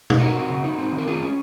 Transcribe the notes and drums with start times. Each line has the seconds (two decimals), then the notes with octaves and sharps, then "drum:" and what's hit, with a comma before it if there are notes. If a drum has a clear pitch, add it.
0.10 drum: tom B2
0.20 D#4 F#4 A#4
0.35 C4
0.50 C#3
0.64 D#4
0.78 C4
0.92 D#3
0.98 A#4
1.07 D#3 F4 G#4
1.22 C#4